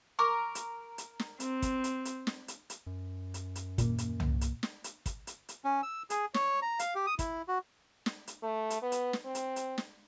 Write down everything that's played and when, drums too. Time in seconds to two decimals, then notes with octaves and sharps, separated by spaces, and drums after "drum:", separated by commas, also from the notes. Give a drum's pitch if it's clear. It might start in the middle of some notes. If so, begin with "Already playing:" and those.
0.19 A#4 C#6 D6
0.55 drum: hi-hat
0.98 drum: hi-hat
1.20 drum: snare
1.40 C4, drum: hi-hat
1.62 drum: kick, hi-hat
1.84 drum: hi-hat
2.05 drum: hi-hat
2.27 drum: snare
2.48 drum: hi-hat
2.70 drum: hi-hat
2.87 F#2
3.34 drum: hi-hat
3.55 drum: hi-hat
3.78 D#2 A#2 A#3, drum: kick, hi-hat
3.98 drum: hi-hat
4.20 drum: tom
4.41 drum: hi-hat
4.63 drum: snare
4.84 drum: hi-hat
5.06 drum: kick, hi-hat
5.27 drum: hi-hat
5.49 drum: hi-hat
5.65 C#4
5.83 E6
6.10 G#4, drum: hi-hat
6.34 C#5, drum: snare
6.62 A#5
6.79 F5, drum: hi-hat
6.95 G4
7.07 D#6
7.19 E4, drum: kick, hi-hat
7.48 F#4
8.06 drum: snare
8.27 drum: hi-hat
8.43 A3
8.70 drum: hi-hat
8.82 B3
8.92 drum: hi-hat
9.13 drum: snare
9.25 C4
9.35 drum: hi-hat
9.56 drum: hi-hat
9.78 drum: snare